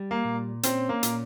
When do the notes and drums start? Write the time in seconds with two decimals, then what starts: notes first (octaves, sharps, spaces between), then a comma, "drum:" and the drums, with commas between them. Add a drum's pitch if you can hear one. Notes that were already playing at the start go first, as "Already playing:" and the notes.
Already playing: G3
0.11 A#3
0.24 A#2
0.63 C4 C#4, drum: hi-hat
0.89 A#3
1.03 A#2, drum: hi-hat